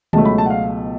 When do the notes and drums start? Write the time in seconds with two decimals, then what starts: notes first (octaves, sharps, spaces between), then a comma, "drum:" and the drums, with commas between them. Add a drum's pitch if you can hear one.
0.13 C#2 B2 F#3 A3 A5, drum: tom D3
0.25 B5
0.38 A5
0.46 F#5
0.50 F5